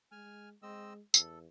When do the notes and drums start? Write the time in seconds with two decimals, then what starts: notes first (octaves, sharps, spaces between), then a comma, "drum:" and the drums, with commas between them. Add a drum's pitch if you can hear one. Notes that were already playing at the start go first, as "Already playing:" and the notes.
0.12 G#3 G#5 F6
0.63 G#3 C4 D#5 E6
1.14 E2 A4, drum: tambourine